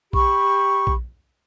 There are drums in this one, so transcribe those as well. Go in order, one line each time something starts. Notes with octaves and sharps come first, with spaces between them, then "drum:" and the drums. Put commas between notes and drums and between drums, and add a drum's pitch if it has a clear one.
G4 B5 C#6, drum: kick A#1
drum: kick A#1